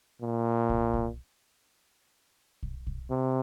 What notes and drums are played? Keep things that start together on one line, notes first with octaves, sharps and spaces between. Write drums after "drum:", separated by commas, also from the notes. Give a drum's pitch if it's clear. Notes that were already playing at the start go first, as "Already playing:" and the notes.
A#2
drum: kick
drum: kick
drum: kick
drum: kick
C3